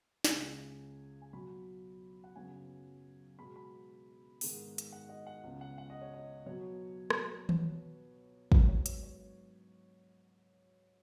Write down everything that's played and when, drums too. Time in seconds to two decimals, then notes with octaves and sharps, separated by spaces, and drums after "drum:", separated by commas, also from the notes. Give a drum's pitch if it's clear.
0.24 F#5, drum: snare
0.30 C#2 C#3 G#3 G#5
1.22 G#5
1.33 B2 F#3 B3 B5
2.24 F#5
2.36 F#2 C#3 F#3 B3 G#5
3.38 B2 G#3 B3 B5
3.56 B5
4.41 G#2 D#3 G#3 B3, drum: open hi-hat
4.78 drum: hi-hat
4.92 F#5
5.09 D#5
5.27 F#5
5.44 C#2 C#3 B3
5.61 F#5
5.78 F#5
5.90 D#5
6.02 C#5
6.14 D#5
6.46 B2 F#3 B3 C#5
7.10 drum: rim click
7.49 B2 B3 C#5, drum: tom D#3
7.57 B4
7.73 B4
8.52 G#2 F#3 B3 B4, drum: kick
8.69 C#5
8.86 C#5, drum: hi-hat
9.03 C#5